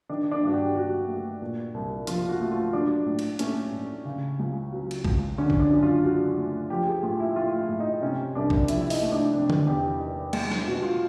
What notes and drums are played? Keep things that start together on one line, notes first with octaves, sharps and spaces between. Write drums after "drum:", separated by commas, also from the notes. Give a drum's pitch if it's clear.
D#3 D4
D4
G2 F#4
G4
F#3 F#4
A3
A#2
C2
F3 F4, drum: hi-hat
F#4
A3
F4
F#3 D4
A2
drum: cymbal
A3 C#4, drum: hi-hat
A2
C#3
C#2
F#3
drum: cymbal
C#2, drum: kick
D3 C#4
drum: kick
D4
F#2
F4
F#3 F#4
A3
F3 G4
G#4
A2 F4
E4
A3 F4
E4
A2
D#4
C3 C#4
C2 D4
drum: kick
F3 E4, drum: hi-hat
E4
D#4, drum: open hi-hat
A3
D4
C3 D4
drum: tom D3
E2 G4
D#3
G#3, drum: cymbal
drum: snare
B2 F#4
F4